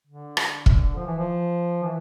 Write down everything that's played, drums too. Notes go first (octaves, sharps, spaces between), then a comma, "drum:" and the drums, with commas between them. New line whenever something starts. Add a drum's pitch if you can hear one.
D3
drum: rim click
drum: kick
F3
E3
F3
E3